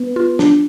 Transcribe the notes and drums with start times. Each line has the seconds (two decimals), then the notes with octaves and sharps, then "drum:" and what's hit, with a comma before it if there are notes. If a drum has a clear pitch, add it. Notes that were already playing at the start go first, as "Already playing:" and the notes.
Already playing: B3
0.16 F4
0.39 D4, drum: snare